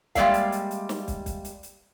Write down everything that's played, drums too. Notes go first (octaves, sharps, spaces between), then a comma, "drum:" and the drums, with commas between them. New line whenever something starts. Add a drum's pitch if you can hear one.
G3 G#3 A#3 D5 E5 F5, drum: kick, hi-hat
drum: hi-hat
drum: hi-hat
drum: hi-hat
drum: snare
drum: kick, hi-hat
drum: kick, hi-hat
drum: hi-hat
drum: hi-hat